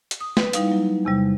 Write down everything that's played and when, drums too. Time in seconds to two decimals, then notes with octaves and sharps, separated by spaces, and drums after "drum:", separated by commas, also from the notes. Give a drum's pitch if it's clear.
0.11 drum: hi-hat
0.21 D#6
0.37 B4, drum: snare
0.53 G3 D#4 E4 F5, drum: hi-hat
0.68 F#3 A#3
1.05 E2 C3 G3